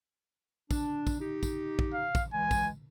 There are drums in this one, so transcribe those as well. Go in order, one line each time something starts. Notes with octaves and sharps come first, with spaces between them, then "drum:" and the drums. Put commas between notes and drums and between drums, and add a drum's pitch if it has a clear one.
D4, drum: kick, tambourine
drum: kick, tambourine
D#4 G4
drum: kick, tambourine
drum: kick
F5
drum: kick, tambourine
C#2 E3 G#3 G#5
drum: kick, tambourine